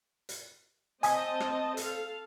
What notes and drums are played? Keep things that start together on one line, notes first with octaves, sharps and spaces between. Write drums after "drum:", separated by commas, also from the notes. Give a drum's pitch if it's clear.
drum: hi-hat
C4 D#5 G#5 A5 D#6 B6, drum: hi-hat
drum: rim click
A4 F5, drum: hi-hat